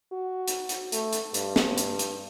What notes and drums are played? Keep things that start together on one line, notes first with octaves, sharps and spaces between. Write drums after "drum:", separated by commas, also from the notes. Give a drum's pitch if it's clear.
F#4
drum: hi-hat
drum: hi-hat
A3, drum: hi-hat
drum: hi-hat
G2, drum: hi-hat
drum: snare
drum: hi-hat
drum: hi-hat